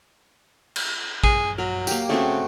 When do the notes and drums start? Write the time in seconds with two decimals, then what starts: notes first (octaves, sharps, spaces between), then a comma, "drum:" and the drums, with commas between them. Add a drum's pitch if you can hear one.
0.76 drum: cymbal
1.24 G#4, drum: kick A1
1.58 F#3 A#4
1.87 A#3 G4, drum: tambourine
2.09 C#3 A3 C4 F#4